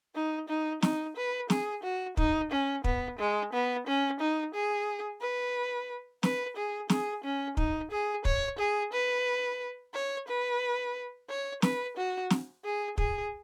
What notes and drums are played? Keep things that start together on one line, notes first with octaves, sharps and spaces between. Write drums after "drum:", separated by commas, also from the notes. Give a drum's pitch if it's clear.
D#4
D#4
D#4, drum: snare
B4
G#4, drum: snare
F#4
D#4, drum: kick
C#4
B3, drum: kick
G#3
B3
C#4
D#4
G#4
B4
B4, drum: snare
G#4
G#4, drum: snare
C#4
D#4, drum: kick
G#4
C#5, drum: kick
G#4
B4
C#5
B4
C#5
B4, drum: snare
F#4
drum: snare
G#4
G#4, drum: kick